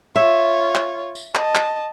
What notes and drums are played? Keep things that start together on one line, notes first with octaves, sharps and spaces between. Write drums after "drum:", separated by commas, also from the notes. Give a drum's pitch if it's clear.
F4 C#5 E5
drum: clap
drum: tambourine
D#5 A5, drum: clap
drum: clap